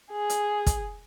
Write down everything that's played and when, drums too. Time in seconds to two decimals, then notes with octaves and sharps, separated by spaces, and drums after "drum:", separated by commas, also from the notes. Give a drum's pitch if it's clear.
0.11 G#4
0.30 drum: hi-hat
0.66 drum: kick, hi-hat